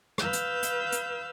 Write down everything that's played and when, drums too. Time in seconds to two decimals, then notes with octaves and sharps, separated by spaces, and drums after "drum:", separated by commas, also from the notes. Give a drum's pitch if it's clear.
0.18 B4 F5 E6 G6, drum: rim click
0.33 drum: hi-hat
0.63 drum: hi-hat
0.92 drum: hi-hat